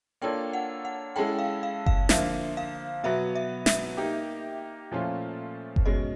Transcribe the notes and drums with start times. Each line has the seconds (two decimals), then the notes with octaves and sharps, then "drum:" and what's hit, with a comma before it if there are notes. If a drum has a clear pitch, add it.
0.22 A#3 D4 F4 A4 C#5 G5
0.53 F#5
0.85 F#5
1.16 G#3 C#4 E4 A4 G5
1.39 F5
1.63 F5
1.86 F5, drum: kick F#1
2.09 D3 F3 A#3 E5, drum: snare
2.57 F5
3.03 B2 F#3 B3 E5
3.36 E5
3.66 E5, drum: snare
3.97 A#3 D#4 G4
4.92 A#2 F3 A3 C#4 F4
5.76 drum: kick F#1
5.86 B2 G#3 C#4 D#5